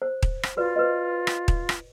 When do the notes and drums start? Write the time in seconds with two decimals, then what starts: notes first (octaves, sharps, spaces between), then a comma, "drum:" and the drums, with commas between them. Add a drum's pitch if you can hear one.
0.02 C5
0.22 drum: kick D#1
0.43 drum: rim click
0.57 F4 F#4 B4 D5
0.76 B4 C5 D#5
1.27 drum: rim click
1.48 drum: kick D#1
1.69 drum: rim click